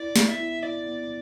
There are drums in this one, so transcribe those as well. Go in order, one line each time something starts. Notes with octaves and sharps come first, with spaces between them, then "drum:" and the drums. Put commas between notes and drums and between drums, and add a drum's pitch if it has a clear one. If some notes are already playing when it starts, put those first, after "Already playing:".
Already playing: E4 D5
B3, drum: snare
E5
E4
E4 D5
B3